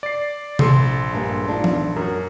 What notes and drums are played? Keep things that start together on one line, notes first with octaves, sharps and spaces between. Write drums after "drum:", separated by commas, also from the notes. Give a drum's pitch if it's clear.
D5 C7
A#1 A4 C6, drum: tom C3
G2 G#3 A#3
D4 D#4 F4
drum: tom E3
F#2 F#4 A#4